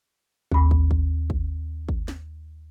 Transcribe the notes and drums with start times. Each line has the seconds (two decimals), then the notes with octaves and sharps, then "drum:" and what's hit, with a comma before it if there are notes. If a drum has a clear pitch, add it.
0.52 D#2 B5, drum: kick
0.71 drum: kick
0.91 drum: kick
1.30 drum: kick
1.89 drum: kick
2.08 drum: snare